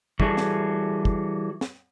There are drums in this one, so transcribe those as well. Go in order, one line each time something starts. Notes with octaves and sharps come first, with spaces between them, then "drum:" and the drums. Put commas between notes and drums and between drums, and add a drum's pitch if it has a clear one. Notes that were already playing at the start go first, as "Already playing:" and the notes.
E3 G3 F#4 G#4 A4, drum: kick
drum: snare
drum: kick
drum: snare